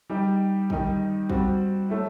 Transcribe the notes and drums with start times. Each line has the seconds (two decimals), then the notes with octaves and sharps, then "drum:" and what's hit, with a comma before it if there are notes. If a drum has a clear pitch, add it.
0.10 G3 D#4 G4
0.70 D#3 G3 D#4 G4, drum: kick
1.29 G3 C4 F#4, drum: kick
1.90 F#3 A3 E4